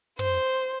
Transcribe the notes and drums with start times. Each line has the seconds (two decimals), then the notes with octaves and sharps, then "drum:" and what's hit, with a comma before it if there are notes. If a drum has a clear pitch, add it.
0.19 C5, drum: tom